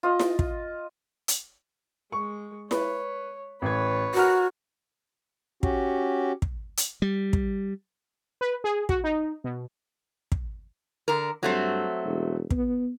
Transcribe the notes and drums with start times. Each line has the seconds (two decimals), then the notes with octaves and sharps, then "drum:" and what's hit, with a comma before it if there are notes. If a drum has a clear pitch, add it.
0.03 F4 D#5
0.20 drum: snare E4
0.39 drum: kick
1.28 drum: hi-hat
2.12 G#3 C#6
2.71 B4 C#5, drum: snare E4
3.62 A1 B4 C#5 G#6
4.15 F#4 A#4 A#5 F6
5.63 C#4 F#4 G4, drum: kick
6.42 drum: kick
6.77 drum: hi-hat
7.02 G3
7.33 drum: kick
8.41 B4
8.64 G#4
8.89 F#4, drum: kick
9.04 D#4
9.44 B2
10.32 drum: kick
11.08 D3 A#4
11.43 G2 F#3 A3 C4
12.05 E1
12.51 B3, drum: kick